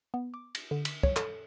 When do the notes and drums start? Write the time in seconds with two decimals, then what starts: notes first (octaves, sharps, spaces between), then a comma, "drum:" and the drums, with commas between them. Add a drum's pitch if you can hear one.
0.14 B3
0.34 D6
0.55 A#6, drum: cymbal
0.71 D3
0.85 B6, drum: cymbal
1.03 C#5, drum: kick
1.16 A4, drum: clap